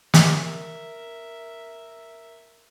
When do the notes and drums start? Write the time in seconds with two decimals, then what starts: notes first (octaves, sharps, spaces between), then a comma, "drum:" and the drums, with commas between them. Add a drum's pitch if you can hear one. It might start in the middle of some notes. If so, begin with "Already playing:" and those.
0.14 A#4 E5, drum: snare